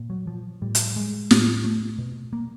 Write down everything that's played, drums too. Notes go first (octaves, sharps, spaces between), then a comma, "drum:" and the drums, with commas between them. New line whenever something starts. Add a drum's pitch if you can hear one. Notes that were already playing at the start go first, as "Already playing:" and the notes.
Already playing: A#2
F#3
F3
A2 G3
drum: hi-hat
G#3
A2, drum: snare
A3
B2
A#3